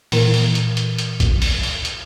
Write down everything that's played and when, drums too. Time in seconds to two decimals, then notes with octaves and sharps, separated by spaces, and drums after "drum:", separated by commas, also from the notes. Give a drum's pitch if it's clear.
0.12 A#2 E3 A#4, drum: open hi-hat
0.34 drum: open hi-hat
0.55 drum: hi-hat
0.77 drum: hi-hat
0.98 drum: hi-hat
1.20 drum: kick A#1, hi-hat
1.42 drum: open hi-hat
1.63 drum: open hi-hat
1.85 drum: hi-hat